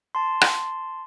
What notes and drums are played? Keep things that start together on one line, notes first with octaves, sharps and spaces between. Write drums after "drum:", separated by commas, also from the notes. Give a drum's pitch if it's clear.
A5 C6
drum: rim click